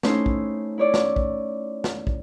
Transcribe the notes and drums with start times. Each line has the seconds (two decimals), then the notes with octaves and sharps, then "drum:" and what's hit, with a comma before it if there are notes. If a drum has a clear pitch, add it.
0.03 A3 C#4 D#4 E4 C5, drum: snare
0.26 drum: kick
0.78 E4 C#5 D5
0.94 drum: snare
1.16 drum: kick
1.84 drum: snare
2.07 drum: kick